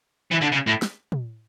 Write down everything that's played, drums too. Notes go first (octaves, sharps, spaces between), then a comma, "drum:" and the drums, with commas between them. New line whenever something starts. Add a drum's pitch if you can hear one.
E3
D3
C#3
A2
drum: snare
drum: tom